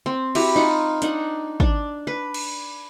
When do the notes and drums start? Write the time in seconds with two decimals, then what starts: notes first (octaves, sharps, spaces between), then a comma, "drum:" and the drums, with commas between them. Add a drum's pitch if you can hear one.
0.06 C4
0.35 E4 F#4 G4 A#5, drum: cymbal
0.56 D#4 F4 F#5
1.02 D4 D#4 F#5, drum: hi-hat
1.60 D4, drum: kick
2.07 B4
2.34 drum: cymbal